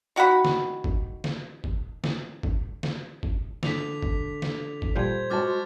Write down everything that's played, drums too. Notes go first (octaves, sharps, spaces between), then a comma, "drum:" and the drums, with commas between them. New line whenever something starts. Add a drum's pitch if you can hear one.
D#3 F#4 F#5 B5
drum: snare
drum: kick
drum: snare
drum: kick
drum: snare
drum: kick
drum: snare
drum: kick
D3 B6 F7, drum: snare
drum: kick
drum: snare
drum: kick
A#2 F3 G3 C5 G6 G#6
G#3 F#4 A5 D6 F6 A6